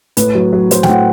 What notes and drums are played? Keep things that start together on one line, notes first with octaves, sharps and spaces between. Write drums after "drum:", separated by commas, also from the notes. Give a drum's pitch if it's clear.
A2 B4, drum: hi-hat
F#3
F#3
F#3 C5, drum: hi-hat
G5, drum: snare
A2 F#5